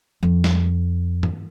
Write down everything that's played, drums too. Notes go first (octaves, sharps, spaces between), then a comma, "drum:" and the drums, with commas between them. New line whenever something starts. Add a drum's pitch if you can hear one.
F2
drum: snare
drum: tom